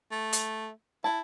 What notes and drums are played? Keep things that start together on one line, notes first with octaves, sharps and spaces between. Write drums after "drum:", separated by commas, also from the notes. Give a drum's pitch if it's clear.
A3
drum: hi-hat
E4 A5